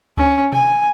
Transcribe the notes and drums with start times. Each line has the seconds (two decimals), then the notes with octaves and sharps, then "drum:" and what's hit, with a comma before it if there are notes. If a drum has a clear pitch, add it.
0.17 C#4, drum: kick D2
0.52 G#5, drum: tom B2